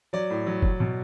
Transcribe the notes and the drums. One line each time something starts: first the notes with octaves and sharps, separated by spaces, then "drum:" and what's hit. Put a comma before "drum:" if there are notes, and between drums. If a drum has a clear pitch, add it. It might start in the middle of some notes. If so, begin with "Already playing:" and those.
F#3 D5
A2
F#3
F#3, drum: kick
B2